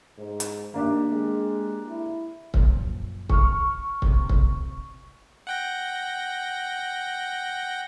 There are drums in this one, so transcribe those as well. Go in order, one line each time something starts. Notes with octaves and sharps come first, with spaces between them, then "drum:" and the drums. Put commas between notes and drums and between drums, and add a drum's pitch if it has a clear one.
G#2
drum: hi-hat
D#3 A#3 D4 G4
G#3
E4
F#2 A#2 F3, drum: kick C#1
C#6 F6, drum: kick C#1
C3, drum: kick C#1
drum: kick C#1
F#5 G5 A#6